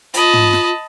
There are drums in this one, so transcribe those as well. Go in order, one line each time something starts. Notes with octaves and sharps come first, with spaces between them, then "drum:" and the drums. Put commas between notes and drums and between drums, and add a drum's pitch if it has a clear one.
F4 D#5 A5 B5, drum: hi-hat
drum: tom
drum: snare